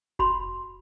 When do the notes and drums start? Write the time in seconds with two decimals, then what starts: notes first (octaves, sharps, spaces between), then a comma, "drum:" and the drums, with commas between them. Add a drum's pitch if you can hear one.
0.19 F#4 B5 C6, drum: kick F1